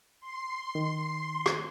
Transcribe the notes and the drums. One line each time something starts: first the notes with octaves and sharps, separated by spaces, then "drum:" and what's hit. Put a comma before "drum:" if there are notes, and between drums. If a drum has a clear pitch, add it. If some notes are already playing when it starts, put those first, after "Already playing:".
C6
D#3
drum: rim click